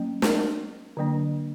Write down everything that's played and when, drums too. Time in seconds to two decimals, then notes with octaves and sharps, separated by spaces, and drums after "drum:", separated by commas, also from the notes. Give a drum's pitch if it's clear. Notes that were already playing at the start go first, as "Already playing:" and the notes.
Already playing: F#3 A#3 C#4
0.22 drum: snare
0.97 D3 F#3 A#3 D4